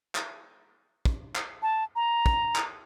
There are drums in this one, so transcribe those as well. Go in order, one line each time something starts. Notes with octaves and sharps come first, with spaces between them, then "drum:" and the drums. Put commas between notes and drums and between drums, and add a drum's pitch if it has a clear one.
drum: clap
drum: kick
drum: clap
A5
A#5
drum: kick
drum: clap